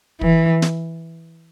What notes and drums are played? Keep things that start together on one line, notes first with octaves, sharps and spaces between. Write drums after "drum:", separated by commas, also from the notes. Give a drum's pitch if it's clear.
E3, drum: kick
drum: snare